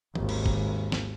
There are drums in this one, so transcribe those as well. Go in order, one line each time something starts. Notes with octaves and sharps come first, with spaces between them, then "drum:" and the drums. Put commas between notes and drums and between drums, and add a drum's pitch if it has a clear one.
G#1 D#2, drum: tom D#3
drum: cymbal
drum: kick F#1
drum: snare